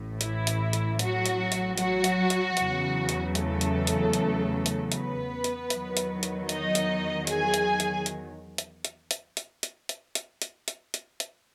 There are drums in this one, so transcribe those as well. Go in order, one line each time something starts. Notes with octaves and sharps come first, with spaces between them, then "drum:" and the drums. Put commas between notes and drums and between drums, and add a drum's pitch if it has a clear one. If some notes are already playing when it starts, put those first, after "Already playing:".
Already playing: A1 A2
E3 E4, drum: hi-hat
drum: hi-hat
drum: hi-hat
F#3 F#4, drum: hi-hat
drum: hi-hat
drum: hi-hat
F#3 F#4, drum: hi-hat
drum: hi-hat
drum: hi-hat
E2 C#3 F#3, drum: hi-hat
drum: hi-hat
A3 A4, drum: hi-hat
drum: hi-hat
drum: hi-hat
drum: hi-hat
drum: hi-hat
B3 B4, drum: hi-hat
drum: hi-hat
E2 D#3 F#3, drum: hi-hat
drum: hi-hat
drum: hi-hat
D#4 D#5, drum: hi-hat
drum: hi-hat
G#4 G#5, drum: hi-hat
drum: hi-hat
drum: hi-hat
drum: hi-hat
drum: hi-hat
drum: hi-hat
drum: hi-hat
drum: hi-hat
drum: hi-hat
drum: hi-hat
drum: hi-hat
drum: hi-hat
drum: hi-hat
drum: hi-hat
drum: hi-hat